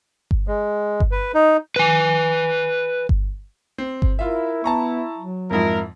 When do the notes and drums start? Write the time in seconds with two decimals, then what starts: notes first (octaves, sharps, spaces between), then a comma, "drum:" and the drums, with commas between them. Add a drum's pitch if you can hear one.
0.31 drum: kick G1
0.47 G#3
1.00 drum: kick G1
1.11 B4
1.34 D#4
1.76 B4 G#5
3.09 drum: kick G1
3.78 C4
4.02 drum: kick G1
4.19 E4 F4 A#4 E5
4.64 B3 A5 A#5 C#6
5.18 F#3
5.51 F2 G#2 F3 E4 A#4